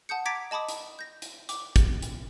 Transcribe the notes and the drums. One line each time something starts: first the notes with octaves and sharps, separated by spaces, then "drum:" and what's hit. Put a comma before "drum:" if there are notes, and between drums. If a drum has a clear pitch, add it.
F#5 A5 D#6 G6 C#7
A#5 D6 G#6 A6 B6 D7
D#5 A5 B5 D6 D#6
drum: hi-hat
G6 A#6
drum: hi-hat
D6, drum: hi-hat
drum: kick, hi-hat
drum: hi-hat